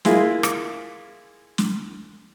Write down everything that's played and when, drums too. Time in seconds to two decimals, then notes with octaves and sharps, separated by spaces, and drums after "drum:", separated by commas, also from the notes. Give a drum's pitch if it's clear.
0.05 G#3 A#3 E4 F4 G#4, drum: snare
0.43 drum: rim click
1.58 drum: snare